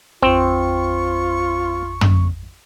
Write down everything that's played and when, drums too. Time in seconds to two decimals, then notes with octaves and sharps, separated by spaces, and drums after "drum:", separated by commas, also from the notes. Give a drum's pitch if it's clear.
0.23 A1 F2 C4 F4 C#6
2.01 drum: tom